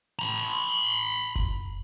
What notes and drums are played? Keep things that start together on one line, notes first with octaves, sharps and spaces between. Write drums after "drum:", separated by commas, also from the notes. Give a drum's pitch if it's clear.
A#5 B5
drum: hi-hat
drum: hi-hat
drum: kick F#1, hi-hat